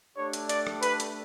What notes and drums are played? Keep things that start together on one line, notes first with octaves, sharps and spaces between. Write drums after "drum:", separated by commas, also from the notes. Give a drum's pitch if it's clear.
A3 D4 G4 C#5
drum: hi-hat
D5, drum: hi-hat
drum: rim click
B4, drum: hi-hat
drum: hi-hat